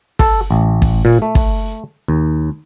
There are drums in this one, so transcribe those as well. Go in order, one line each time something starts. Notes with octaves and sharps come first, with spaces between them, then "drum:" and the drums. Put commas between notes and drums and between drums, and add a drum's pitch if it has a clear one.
A4, drum: kick
A1
drum: kick
A#2
A3
drum: kick
D#2